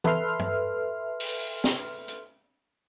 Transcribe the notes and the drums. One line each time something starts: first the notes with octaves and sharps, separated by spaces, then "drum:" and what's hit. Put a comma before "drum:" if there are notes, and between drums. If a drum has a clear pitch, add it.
A4 B4 E5 C6 F6, drum: tom E3
drum: tom G2
drum: open hi-hat
drum: snare
drum: hi-hat